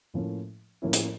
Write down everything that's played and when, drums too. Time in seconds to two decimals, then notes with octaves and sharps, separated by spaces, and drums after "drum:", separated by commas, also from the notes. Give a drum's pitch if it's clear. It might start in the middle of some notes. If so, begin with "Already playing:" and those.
0.14 A2 F3 A#3 C#4 E4
0.82 A2 F3 A#3 C#4 E4
0.93 drum: hi-hat